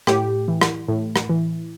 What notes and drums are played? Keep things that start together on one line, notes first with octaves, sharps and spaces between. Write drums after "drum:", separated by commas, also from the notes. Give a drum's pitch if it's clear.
A2 G4, drum: rim click
E3
drum: rim click
A2
drum: rim click
E3